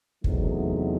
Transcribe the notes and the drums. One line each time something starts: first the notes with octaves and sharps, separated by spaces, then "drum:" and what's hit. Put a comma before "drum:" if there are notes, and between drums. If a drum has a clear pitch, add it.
E2 C3 F#3 A3 D#4, drum: kick